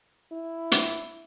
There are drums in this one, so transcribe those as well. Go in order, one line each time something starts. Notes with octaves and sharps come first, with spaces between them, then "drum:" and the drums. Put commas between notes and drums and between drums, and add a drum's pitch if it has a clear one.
E4
drum: hi-hat